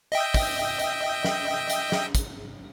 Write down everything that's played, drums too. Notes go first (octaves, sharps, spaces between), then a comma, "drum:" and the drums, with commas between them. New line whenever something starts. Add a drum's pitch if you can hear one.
D#5 E5 G5
drum: kick, open hi-hat
drum: hi-hat
drum: snare
drum: hi-hat
drum: snare
drum: kick, hi-hat